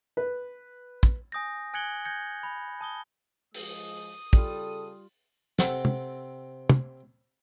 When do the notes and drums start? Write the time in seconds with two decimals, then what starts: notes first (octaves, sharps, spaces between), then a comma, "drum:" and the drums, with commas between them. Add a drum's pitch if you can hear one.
0.17 B4
1.03 drum: kick
1.32 G#5 D#6 G6 A#6
1.74 G#5 F#6 G#6 C#7 F#7 G7
2.05 G6 G#6 A#6 C#7
2.43 B5
2.81 A5 D#6 G7
3.54 F3 G#3 D#6, drum: open hi-hat
4.33 C#3 G3 F4 A4, drum: kick
5.59 C3 C4 A4 F#5, drum: snare
5.85 drum: tom
6.70 drum: tom